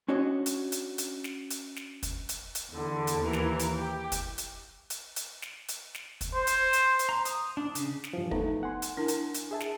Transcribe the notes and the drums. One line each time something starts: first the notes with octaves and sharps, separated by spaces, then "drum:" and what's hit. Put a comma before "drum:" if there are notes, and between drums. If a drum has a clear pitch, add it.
C#4 D4 F#4 C#5 D#5
drum: hi-hat
drum: hi-hat
drum: hi-hat
drum: snare
drum: hi-hat
drum: snare
drum: kick, hi-hat
drum: hi-hat
drum: hi-hat
E2 D3
drum: hi-hat
D#2 E3 A#4
drum: snare
drum: hi-hat
G4
drum: kick, hi-hat
drum: hi-hat
drum: hi-hat
drum: hi-hat
drum: snare
drum: hi-hat
drum: snare
drum: kick, hi-hat
C5
drum: hi-hat
drum: hi-hat
drum: hi-hat
A#5
D#6, drum: hi-hat
D4
C#3, drum: hi-hat
drum: snare
G2 E3 F3
A3 B3 D#4, drum: kick
F#5 G#5 C6
drum: hi-hat
D4 E4 A#4
drum: hi-hat
drum: hi-hat
G#4 E5 A5
drum: snare